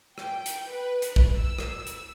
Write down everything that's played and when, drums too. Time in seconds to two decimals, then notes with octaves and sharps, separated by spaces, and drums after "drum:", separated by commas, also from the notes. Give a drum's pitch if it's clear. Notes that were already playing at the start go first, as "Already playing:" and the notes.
0.18 G5, drum: rim click
0.46 drum: hi-hat
0.68 B4
1.02 drum: hi-hat
1.16 drum: kick
1.37 E6
1.59 drum: rim click
1.87 drum: hi-hat